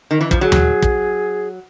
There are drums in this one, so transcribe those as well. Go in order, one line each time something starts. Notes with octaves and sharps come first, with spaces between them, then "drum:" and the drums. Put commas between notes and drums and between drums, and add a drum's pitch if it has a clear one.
D#3
E3
F3, drum: kick
F#3 G#4
drum: tom D#2
drum: kick